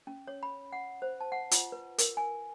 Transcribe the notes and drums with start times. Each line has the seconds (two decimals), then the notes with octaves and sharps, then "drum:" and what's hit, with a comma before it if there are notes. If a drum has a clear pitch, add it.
0.07 C#4
0.27 C#5
0.43 B5
0.73 F#5
1.02 C5
1.20 A5
1.32 F#5
1.51 F4, drum: hi-hat
1.72 B4
1.98 A#4, drum: hi-hat
2.17 G#5